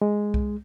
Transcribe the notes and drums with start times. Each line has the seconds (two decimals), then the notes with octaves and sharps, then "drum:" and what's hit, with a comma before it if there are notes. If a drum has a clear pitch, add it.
0.02 G#3
0.34 drum: kick C2